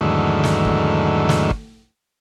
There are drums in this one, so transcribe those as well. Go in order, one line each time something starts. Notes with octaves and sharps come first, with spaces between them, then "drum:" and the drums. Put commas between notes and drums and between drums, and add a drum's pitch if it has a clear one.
E2 G#2 D3 D#3 F#3 A3
drum: snare
drum: kick
drum: snare
drum: kick